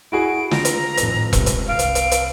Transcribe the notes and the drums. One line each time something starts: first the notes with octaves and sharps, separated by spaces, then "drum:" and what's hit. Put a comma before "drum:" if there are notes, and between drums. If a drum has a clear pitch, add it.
E4 F#4 G#4 D7
F4 A#5, drum: snare
drum: hi-hat
G#1 F2 A2, drum: hi-hat
C#2 G2 C3, drum: kick E1, hi-hat
drum: hi-hat
C2 F5 D7
drum: hi-hat
drum: hi-hat
drum: hi-hat